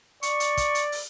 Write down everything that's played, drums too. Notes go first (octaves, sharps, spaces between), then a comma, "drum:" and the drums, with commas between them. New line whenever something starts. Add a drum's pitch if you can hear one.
D5 C#6, drum: hi-hat
drum: hi-hat
drum: kick, hi-hat
drum: hi-hat
drum: open hi-hat